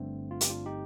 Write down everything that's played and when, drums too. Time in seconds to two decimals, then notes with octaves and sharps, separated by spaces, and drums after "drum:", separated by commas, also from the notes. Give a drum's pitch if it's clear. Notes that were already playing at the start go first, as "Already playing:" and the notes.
Already playing: G1 G2 D3 A3 C4
0.31 F4
0.41 G4, drum: hi-hat
0.50 D4 F4
0.66 D#4 G4